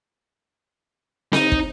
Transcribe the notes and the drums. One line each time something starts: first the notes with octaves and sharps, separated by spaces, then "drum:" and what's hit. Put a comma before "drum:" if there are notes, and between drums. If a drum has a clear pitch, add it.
D#4, drum: snare C4
drum: kick